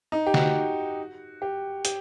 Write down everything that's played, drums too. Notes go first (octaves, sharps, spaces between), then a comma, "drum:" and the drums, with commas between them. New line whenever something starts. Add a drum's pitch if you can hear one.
D#4
G4
F#4, drum: snare D3
G4
G4, drum: hi-hat